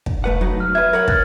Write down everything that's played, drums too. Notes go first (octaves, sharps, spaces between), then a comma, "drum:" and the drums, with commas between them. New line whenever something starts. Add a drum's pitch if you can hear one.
drum: kick
A3 B4 F#5
F#3 D#4
F6
B4 E5 G#6
A#4 C#5 F#5
F6 F#6 A6, drum: kick